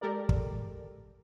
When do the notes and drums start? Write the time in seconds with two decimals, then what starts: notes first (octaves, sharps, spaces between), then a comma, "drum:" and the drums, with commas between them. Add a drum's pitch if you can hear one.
0.01 G#3 G4 A4 A#4 D5
0.29 drum: kick